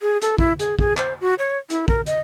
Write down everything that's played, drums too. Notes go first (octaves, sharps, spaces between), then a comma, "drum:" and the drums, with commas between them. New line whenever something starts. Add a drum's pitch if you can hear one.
G#4
A4, drum: hi-hat
E4, drum: kick
G#4, drum: hi-hat
G#4, drum: kick
C5, drum: clap
F#4
C#5
E4, drum: hi-hat
A#4, drum: kick
D#5, drum: hi-hat